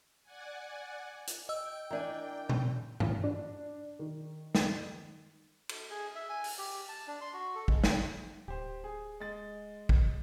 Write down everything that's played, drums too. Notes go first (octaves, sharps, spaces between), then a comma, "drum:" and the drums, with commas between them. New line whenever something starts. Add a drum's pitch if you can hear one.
D5 F#5 G#5
drum: hi-hat
D#5 G5 E6
E3 D4 A#4 D5 G#5
drum: tom A#2
drum: tom G2
D4
D#3
drum: snare
drum: cymbal
G#4
E5
G#5
drum: open hi-hat
G4
A5
D4
C6
F#4
A4
G#3, drum: kick
G5, drum: snare
D1 G4 C5
G#4
G#3 A6
drum: kick